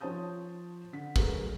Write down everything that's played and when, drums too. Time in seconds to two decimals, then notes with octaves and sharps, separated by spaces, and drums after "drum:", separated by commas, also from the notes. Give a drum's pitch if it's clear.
0.01 F3 C5 C#5 A5 D#6 G6
0.93 D3 B6
1.16 F#3 A3 G#4 A#4 B4, drum: kick